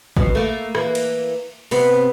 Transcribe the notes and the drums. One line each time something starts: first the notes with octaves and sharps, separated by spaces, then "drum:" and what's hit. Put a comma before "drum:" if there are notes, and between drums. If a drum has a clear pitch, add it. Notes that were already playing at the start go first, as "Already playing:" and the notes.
B2, drum: kick
A3 A#3
E3 A#3, drum: rim click
drum: cymbal
C3 B3, drum: open hi-hat